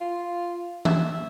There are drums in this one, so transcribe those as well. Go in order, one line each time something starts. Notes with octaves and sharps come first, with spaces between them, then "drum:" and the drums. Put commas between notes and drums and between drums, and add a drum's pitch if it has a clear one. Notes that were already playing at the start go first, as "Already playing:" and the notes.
F4
E5, drum: tom E3